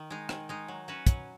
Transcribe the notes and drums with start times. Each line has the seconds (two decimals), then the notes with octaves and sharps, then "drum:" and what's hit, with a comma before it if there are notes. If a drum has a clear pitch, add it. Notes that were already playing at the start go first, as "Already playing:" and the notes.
Already playing: D#3
0.10 G#3 D#4
0.29 D#3, drum: rim click
0.49 G#3 D#4
0.68 F#3
0.88 C#4 F#4 B4
1.07 F#3, drum: kick, hi-hat